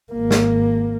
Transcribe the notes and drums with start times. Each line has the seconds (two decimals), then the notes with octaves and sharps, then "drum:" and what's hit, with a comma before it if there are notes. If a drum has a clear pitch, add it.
0.13 G#1 A#3
0.31 drum: snare